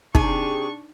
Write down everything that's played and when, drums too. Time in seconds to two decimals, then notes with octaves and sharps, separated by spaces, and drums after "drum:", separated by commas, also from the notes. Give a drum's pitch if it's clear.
0.15 C3 D4 D#4 G4 G#4 C#6, drum: kick